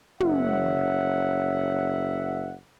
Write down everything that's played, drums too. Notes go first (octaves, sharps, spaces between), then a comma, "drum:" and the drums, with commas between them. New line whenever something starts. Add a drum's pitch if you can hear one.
F#1 C#4 E5 F#5, drum: tom